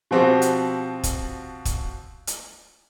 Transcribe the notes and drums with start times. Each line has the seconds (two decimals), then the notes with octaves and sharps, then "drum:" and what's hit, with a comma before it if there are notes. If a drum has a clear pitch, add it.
0.11 B2 F3 C4 F#4 G4
0.42 drum: hi-hat
1.04 drum: kick, hi-hat
1.65 drum: kick, hi-hat
2.27 drum: hi-hat